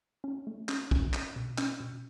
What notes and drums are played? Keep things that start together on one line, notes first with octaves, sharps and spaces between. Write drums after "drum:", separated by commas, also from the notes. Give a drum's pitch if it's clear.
C#4
A3
C#4, drum: clap
C#4, drum: kick B1
C#4, drum: clap
B2
C#4, drum: clap
B2